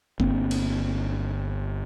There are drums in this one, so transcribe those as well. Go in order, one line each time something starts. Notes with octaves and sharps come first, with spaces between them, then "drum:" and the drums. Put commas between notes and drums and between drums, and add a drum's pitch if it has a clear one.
G1 A#3 C4, drum: kick F#1
drum: cymbal